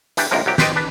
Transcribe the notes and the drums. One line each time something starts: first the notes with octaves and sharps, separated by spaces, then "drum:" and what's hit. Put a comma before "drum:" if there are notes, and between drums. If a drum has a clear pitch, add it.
E3 D4 G4, drum: hi-hat
A#1 D#2 A2 C3 A#4
C2 F#3 G4
G4 B4 C5 D5 D#5 G5, drum: snare
D4 B4